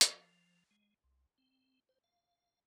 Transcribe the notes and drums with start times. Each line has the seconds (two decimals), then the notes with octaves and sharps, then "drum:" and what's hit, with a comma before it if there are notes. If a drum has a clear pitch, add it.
0.01 F3, drum: hi-hat
0.71 G#3
1.04 C2
1.38 C4
1.89 C5
2.04 F5